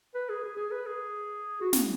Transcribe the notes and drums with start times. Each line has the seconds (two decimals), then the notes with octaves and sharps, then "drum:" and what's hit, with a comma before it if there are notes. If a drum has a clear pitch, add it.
0.15 B4
0.29 G#4
0.43 G#4
0.57 G#4
0.71 B4
0.86 G#4
1.61 F#4
1.73 E4, drum: snare